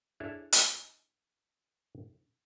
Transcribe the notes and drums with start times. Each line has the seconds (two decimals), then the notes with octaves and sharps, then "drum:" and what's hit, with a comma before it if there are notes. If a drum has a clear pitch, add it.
0.20 D4 E4 G#4 A4 C#5 E5
0.53 drum: hi-hat